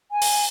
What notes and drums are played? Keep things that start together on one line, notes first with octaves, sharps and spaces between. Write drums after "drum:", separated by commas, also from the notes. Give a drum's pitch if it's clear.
G#5
drum: open hi-hat